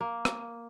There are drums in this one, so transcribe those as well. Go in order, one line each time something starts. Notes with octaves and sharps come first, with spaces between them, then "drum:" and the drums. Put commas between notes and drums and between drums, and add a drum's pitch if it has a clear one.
A#3
drum: rim click